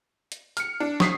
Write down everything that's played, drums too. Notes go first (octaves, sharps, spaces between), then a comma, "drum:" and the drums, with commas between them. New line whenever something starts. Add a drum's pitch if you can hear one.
drum: hi-hat
F6 C#7, drum: hi-hat
D4
C#6 D#6 B6 C7, drum: snare